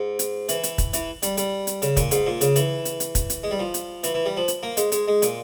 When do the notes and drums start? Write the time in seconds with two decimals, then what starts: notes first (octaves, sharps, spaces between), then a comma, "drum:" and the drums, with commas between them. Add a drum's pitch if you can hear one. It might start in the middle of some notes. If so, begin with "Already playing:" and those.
Already playing: G#2
0.19 drum: hi-hat
0.49 E3, drum: hi-hat
0.63 drum: hi-hat
0.78 drum: kick, hi-hat
0.93 E3, drum: hi-hat
1.23 G3, drum: hi-hat
1.37 G3, drum: hi-hat
1.67 drum: hi-hat
1.82 C#3, drum: hi-hat
1.97 A#2, drum: kick, hi-hat
2.11 G#2, drum: hi-hat
2.27 A#2
2.41 C#3, drum: hi-hat
2.56 E3, drum: hi-hat
2.85 drum: hi-hat
3.00 drum: hi-hat
3.15 drum: kick, hi-hat
3.30 drum: hi-hat
3.43 G#3
3.51 G3
3.59 F3
3.74 drum: hi-hat
4.03 E3, drum: hi-hat
4.14 E3
4.26 G3
4.37 F3
4.48 drum: hi-hat
4.63 A#3
4.77 G#3, drum: hi-hat
4.92 G#3, drum: hi-hat
5.08 G#3
5.22 A#2, drum: hi-hat